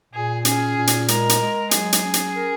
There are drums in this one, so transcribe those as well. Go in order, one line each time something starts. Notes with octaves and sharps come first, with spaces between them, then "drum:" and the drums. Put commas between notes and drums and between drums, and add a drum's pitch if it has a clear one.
A#2 G#4
C#4 G#4, drum: hi-hat
A#2
drum: hi-hat
G#3 A#4, drum: hi-hat
drum: hi-hat
G#3
F#3 G#4, drum: hi-hat
drum: hi-hat
C#4
drum: hi-hat
A#4